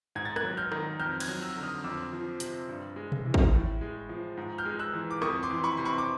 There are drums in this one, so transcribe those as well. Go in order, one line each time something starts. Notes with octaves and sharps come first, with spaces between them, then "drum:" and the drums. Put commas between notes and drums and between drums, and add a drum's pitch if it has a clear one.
G#2 G#6
A6
F#6 G#6, drum: rim click
F#3
F6 G6
D#3, drum: rim click
F2 F6 G6
F#6 G#6, drum: cymbal
F#3
E6 F#6
D3
D#6 F6
F2 D6 E6
F3
C3, drum: hi-hat
G2
G#3
drum: tom B2
E3
drum: kick
A2
G#3
F3
G#2
F6 G6
G#3
E6 F#6
E3
D6
F2 C#6 D#6, drum: rim click
C6 D6
E3
B5 C#6
C3 C6
B5 C#6
D6